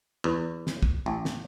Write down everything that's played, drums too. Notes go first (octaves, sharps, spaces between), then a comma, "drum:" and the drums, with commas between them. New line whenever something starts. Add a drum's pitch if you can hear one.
E2
drum: snare
drum: kick
A1
drum: snare